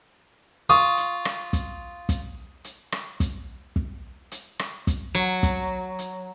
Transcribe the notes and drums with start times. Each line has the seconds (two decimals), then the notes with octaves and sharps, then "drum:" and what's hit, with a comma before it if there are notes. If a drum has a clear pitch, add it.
0.70 F4 C#6 D#6
0.97 drum: hi-hat
1.25 drum: rim click
1.53 drum: kick, hi-hat
2.09 drum: kick, hi-hat
2.64 drum: hi-hat
2.92 drum: rim click
3.20 drum: kick, hi-hat
3.76 drum: kick
4.32 drum: hi-hat
4.59 drum: rim click
4.87 drum: kick, hi-hat
5.15 F#3
5.43 drum: kick, hi-hat
5.99 drum: hi-hat